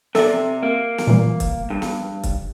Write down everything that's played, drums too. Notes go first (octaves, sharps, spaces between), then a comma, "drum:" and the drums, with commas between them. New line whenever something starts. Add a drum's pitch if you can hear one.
C3 A4 D5 E5, drum: snare
A#3
drum: snare
A#2 E3 G3
drum: kick C#1, hi-hat
G2
drum: snare
drum: kick C#1, hi-hat